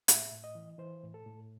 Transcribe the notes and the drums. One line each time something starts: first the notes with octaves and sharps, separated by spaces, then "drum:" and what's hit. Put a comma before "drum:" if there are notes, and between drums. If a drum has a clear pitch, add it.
A2 E5, drum: hi-hat
A2
D#5
E3
E3 C5
A2
A4
A2